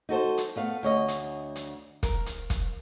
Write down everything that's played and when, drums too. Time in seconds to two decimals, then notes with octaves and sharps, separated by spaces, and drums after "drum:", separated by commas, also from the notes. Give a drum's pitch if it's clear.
0.09 D#4 F#4 A4 C5
0.38 drum: hi-hat
0.56 A3 B3 F5
0.83 D2 C#5 D#5
1.08 drum: hi-hat
1.56 drum: hi-hat
2.03 A#4, drum: kick, hi-hat
2.26 drum: hi-hat
2.50 drum: kick, hi-hat